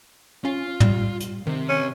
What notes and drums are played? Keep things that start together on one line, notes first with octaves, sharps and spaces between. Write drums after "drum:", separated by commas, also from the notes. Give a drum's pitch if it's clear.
C#4 F4
G3, drum: tom
drum: hi-hat
C3 D#3 C4
C#4